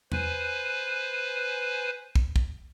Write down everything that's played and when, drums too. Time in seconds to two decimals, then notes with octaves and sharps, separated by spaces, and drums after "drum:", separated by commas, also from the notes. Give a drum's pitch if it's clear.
0.12 B4 C5 G#5, drum: tom E2
2.15 drum: kick
2.36 drum: kick